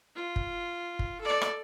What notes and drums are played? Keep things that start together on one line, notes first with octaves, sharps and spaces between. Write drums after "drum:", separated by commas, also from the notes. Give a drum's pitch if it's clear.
F4
drum: kick
drum: kick
A4 D5
drum: rim click